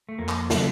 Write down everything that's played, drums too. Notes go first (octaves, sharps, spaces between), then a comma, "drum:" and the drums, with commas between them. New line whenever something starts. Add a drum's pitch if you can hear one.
A3
F2 A#3
drum: clap
C#3 F#3, drum: snare